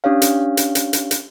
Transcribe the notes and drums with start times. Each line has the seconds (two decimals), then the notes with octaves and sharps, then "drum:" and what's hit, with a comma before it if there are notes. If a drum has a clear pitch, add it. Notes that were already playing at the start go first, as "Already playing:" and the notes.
0.04 C#4 D4 G4 C#5 F5
0.22 drum: hi-hat
0.57 drum: hi-hat
0.75 drum: hi-hat
0.93 drum: hi-hat
1.11 drum: hi-hat